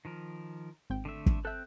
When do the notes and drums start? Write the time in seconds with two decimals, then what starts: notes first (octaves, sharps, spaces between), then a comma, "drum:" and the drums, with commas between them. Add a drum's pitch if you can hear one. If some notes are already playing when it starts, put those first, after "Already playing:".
0.05 D#3 F3 A#4
0.90 G#1 C4 G5
1.05 D3 A3 E5
1.26 drum: kick
1.45 C4 A4 E5 F#6 G6